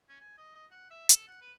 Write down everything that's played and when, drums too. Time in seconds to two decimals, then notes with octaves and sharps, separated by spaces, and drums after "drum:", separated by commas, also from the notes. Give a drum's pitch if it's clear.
0.09 C#4
0.21 G#5
0.38 D#5
0.55 D#5
0.71 F#5
0.91 E5
1.09 A4, drum: hi-hat
1.28 F#5
1.42 B4